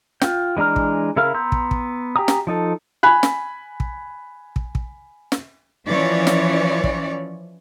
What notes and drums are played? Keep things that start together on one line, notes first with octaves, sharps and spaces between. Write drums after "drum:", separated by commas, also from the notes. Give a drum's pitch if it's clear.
F4 G5, drum: snare
E3 G#3 D4 A#5 F6
drum: kick
C#3 E4 A#4 F5 F6
B3 A#5 C6 E6 G6
drum: kick
drum: kick
G4 G5 G#5 A#5 D#6
drum: snare
F3 D#4 A4
G#5 B5 F#6
drum: snare
drum: kick
drum: kick
drum: kick
drum: snare
E3 F3 C#4 C#5 D5
drum: snare
drum: kick